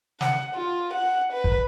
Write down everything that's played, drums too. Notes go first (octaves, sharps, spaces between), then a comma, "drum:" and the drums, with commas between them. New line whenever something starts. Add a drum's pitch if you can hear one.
F#5, drum: snare
F4
F#5
B4
drum: kick